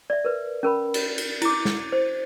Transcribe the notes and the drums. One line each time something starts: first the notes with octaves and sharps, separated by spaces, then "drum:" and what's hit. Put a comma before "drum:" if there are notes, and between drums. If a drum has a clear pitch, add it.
D5 E5
A#4 B4
C#4 A#4 B5
drum: cymbal
drum: cymbal
E4 D6, drum: cymbal
drum: snare
C5